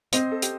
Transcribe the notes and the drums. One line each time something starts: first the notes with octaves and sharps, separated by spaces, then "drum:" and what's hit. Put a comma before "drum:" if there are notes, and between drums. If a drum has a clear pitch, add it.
C4 C5 D#5, drum: hi-hat
A4
G4, drum: hi-hat